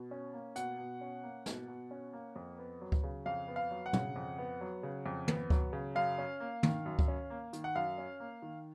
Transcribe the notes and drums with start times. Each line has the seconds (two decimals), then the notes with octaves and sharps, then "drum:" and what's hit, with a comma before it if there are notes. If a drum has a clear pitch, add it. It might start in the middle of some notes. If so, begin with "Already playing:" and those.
Already playing: B2
0.11 C#4
0.34 A#3
0.56 B2 F#5, drum: hi-hat
0.79 B2
1.01 C#4
1.23 A#3
1.46 B2, drum: snare
1.68 B2
1.91 C#4
2.13 A#3
2.36 F2
2.58 B3
2.81 F#3
2.92 drum: kick C#2
3.04 C#3
3.26 F2 F5
3.48 B3
3.56 F5
3.71 F#3
3.86 F#5
3.93 C#3, drum: tom
4.16 F2
4.38 B3
4.61 F#3
4.83 C#3
5.06 F2
5.28 B3, drum: tom
5.50 F#3, drum: kick C#2
5.73 C#3
5.95 F#2 F5
6.18 C#4
6.40 A#3
6.63 D#3, drum: tom
6.86 F#2
6.99 drum: kick C#2
7.08 C#4
7.30 A#3
7.53 D#3, drum: hi-hat
7.64 F#5
7.75 F#2 F5
7.98 C#4
8.20 A#3
8.42 D#3